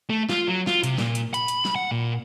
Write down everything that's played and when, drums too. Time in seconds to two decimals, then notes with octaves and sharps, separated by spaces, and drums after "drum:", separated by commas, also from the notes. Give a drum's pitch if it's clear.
0.10 A3
0.29 F4, drum: snare
0.48 F#3
0.67 F4, drum: snare
0.84 C3, drum: hi-hat
0.98 A#2, drum: snare
1.15 drum: hi-hat
1.34 B5, drum: hi-hat
1.48 drum: hi-hat
1.65 drum: snare
1.76 F#5
1.92 A#2